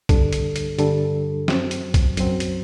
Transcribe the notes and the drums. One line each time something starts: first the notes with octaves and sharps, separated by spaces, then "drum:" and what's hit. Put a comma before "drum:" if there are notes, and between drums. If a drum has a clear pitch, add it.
G2 D3 G3 D4 A4, drum: kick B1, hi-hat
drum: hi-hat
drum: hi-hat
G2 D3 G3 D4 A4, drum: hi-hat
F#2 F#3 C4, drum: snare
drum: hi-hat
drum: kick B1, hi-hat
F#2 F#3 C4, drum: hi-hat
drum: hi-hat